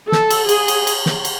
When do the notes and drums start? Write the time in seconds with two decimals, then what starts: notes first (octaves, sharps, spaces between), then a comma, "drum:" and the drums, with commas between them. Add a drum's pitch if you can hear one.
0.12 A4, drum: snare
0.30 drum: cymbal
0.49 G#4, drum: cymbal
0.68 drum: cymbal
0.87 drum: cymbal
1.06 drum: snare
1.25 drum: cymbal